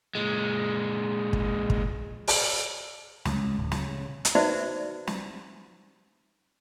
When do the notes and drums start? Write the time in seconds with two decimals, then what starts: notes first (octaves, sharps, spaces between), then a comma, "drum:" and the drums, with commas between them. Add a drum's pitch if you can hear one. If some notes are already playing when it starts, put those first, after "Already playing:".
0.15 A#2 G#3
1.33 drum: kick
1.70 drum: kick
2.28 drum: open hi-hat
3.25 C#2, drum: snare
3.58 D1
3.72 C#3, drum: snare
4.25 drum: hi-hat
4.35 D#4 F#4 B4 C5 D5 E5
5.07 drum: snare